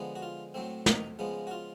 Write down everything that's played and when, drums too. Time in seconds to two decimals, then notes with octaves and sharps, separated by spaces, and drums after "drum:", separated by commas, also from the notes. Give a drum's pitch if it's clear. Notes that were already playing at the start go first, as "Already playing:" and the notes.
Already playing: D3 F3 G#3 B3
0.16 F#4
0.22 F4
0.54 A2 F#3 A3 C4
0.86 D#4, drum: snare
1.19 C#3 F3 G#3 B3
1.47 F#4
1.51 F4